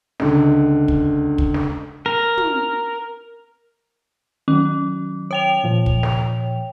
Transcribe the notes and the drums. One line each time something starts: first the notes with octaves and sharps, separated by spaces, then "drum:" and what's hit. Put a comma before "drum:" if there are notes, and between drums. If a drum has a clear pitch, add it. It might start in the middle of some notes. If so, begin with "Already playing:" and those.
C#2 D3, drum: snare
drum: kick
drum: kick
drum: snare
A#4
drum: tom
D#3 F#3 C#4
C#5 G5 F7
A#2 F3
drum: kick
drum: snare